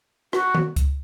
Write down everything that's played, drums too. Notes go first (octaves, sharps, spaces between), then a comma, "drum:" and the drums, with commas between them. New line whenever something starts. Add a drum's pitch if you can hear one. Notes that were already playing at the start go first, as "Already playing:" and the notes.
F#4, drum: rim click
drum: tom D#3
drum: kick C#2, hi-hat